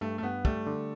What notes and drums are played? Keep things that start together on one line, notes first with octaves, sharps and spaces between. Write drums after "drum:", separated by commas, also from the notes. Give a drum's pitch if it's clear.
G2 A3
A3
G2 B3
G3 A3, drum: kick
D3